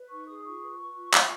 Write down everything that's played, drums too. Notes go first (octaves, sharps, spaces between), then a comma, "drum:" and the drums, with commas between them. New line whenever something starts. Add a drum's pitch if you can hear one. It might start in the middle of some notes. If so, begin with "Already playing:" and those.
Already playing: B4
D#4 C#6
G#4 D#6
D#6
F4 C#6
B4
B4
F4
F4, drum: clap